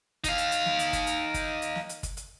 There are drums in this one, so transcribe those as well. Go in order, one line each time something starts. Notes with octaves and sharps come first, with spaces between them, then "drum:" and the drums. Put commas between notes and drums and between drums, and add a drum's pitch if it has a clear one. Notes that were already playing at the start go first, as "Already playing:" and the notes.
D#4 F5, drum: kick G1, hi-hat
drum: hi-hat
drum: hi-hat
drum: snare
drum: hi-hat
drum: kick G1, hi-hat
drum: hi-hat
drum: kick G1, hi-hat
drum: hi-hat
drum: snare
drum: hi-hat
drum: kick G1, hi-hat
drum: hi-hat